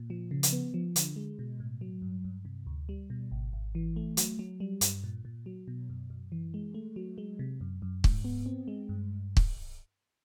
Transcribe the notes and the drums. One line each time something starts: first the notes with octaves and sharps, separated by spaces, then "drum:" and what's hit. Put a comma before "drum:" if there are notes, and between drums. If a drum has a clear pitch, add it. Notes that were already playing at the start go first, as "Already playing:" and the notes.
Already playing: A#2
F3
C#3
drum: hi-hat
B3
F3
D3, drum: hi-hat
G#3
B2
A2
F#3
G2
G2
C3
D2
G3
B2
G#1
G#1
E3
A3
F#3, drum: hi-hat
F#3
G3
G2, drum: hi-hat
A#2
A#2
F#3
B2
F#2
F#2
E3
G#3
A3
F#3
G#3
C3
F#2
F#2
G#2, drum: kick
B3
C4
G#3
G2
drum: kick